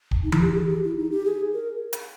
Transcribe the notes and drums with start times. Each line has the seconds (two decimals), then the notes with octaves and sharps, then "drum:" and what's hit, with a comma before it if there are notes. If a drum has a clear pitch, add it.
0.11 drum: kick
0.23 D#4
0.32 E4, drum: tom E3
0.41 G4
0.55 G#4
0.69 G4
0.83 E4
0.97 D#4
1.11 G4
1.26 G#4
1.54 A#4
1.93 drum: hi-hat